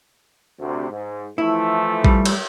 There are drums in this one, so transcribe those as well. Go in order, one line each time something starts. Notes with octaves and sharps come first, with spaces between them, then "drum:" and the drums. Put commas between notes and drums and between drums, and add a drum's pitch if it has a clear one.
D2 C3
G#2
E3 F3 A3 E4
G3, drum: kick A1
drum: cymbal